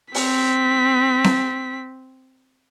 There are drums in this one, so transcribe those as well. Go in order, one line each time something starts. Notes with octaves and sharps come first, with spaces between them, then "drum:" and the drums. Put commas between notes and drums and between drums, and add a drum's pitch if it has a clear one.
C4 B6, drum: open hi-hat
drum: snare C4